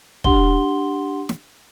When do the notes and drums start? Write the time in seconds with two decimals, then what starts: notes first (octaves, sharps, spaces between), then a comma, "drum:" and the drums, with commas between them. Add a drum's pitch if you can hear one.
0.24 D4 G4 F#5 C6 G7, drum: kick
1.29 drum: snare